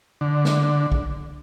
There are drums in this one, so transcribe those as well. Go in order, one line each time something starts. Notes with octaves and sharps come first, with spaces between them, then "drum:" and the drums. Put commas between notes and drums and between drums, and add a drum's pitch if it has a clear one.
D3
drum: snare
drum: kick